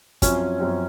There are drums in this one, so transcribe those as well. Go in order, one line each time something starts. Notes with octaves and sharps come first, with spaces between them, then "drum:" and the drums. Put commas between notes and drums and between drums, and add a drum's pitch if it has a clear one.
F#2 F3 C4 C#4, drum: kick, hi-hat
F#2 F3 C4